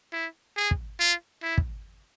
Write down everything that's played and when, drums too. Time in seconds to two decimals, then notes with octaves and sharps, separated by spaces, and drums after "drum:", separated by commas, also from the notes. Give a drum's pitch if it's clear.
0.13 E4
0.57 G#4
0.71 drum: kick
1.00 F4
1.43 E4
1.58 drum: kick